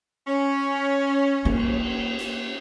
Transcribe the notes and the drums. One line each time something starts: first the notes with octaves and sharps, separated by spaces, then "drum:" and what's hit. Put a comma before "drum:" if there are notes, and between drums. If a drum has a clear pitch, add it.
C#4
A#3, drum: cymbal
drum: hi-hat